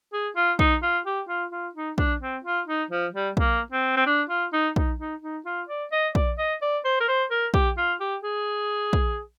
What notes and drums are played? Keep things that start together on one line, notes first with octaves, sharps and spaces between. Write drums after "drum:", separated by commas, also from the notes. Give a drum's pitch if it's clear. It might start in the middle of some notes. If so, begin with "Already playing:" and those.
G#4
F4
D#4, drum: kick
F4
G4
F4
F4
D#4
D4, drum: kick
C4
F4
D#4
F3
G3
A#3, drum: kick
C4
C4
D4
F4
D#4
D#4, drum: kick
D#4
D#4
F4
D5
D#5
D5, drum: kick
D#5
D5
C5
A#4
C5
A#4
G4, drum: kick
F4
G4
G#4
drum: kick